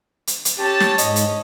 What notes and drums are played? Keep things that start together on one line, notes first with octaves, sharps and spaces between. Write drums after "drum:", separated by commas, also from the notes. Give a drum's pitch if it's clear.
drum: hi-hat
drum: hi-hat
C#4 G4 A4 A5
drum: snare
G#2 D#5, drum: hi-hat
drum: hi-hat